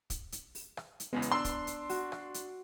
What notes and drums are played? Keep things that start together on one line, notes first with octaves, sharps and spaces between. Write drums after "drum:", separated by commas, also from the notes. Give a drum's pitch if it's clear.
drum: kick, hi-hat
drum: hi-hat
drum: open hi-hat
drum: rim click
drum: hi-hat
E2 C#3 G#3 B3
drum: hi-hat
D4 C6 E6
drum: kick, hi-hat
drum: hi-hat
F#4, drum: open hi-hat
drum: rim click
drum: hi-hat